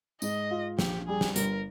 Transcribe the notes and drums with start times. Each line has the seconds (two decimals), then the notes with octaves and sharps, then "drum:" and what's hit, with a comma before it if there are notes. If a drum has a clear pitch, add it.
0.22 G#2 D#5, drum: tambourine
0.51 F4
0.79 A#1 G4, drum: snare
1.07 G3 G#4
1.21 drum: snare
1.36 G1 A#4, drum: hi-hat